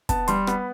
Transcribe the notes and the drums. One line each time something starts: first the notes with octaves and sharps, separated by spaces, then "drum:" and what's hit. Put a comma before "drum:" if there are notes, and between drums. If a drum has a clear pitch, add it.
B3 A5, drum: kick, hi-hat
G3 C6, drum: hi-hat
B3 B5, drum: rim click